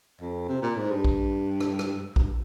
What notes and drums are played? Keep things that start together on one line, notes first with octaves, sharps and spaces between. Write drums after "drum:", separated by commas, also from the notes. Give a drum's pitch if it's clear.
F2
C3
A#2
G#2
G2
drum: kick A1
drum: rim click
drum: rim click
G2, drum: kick A1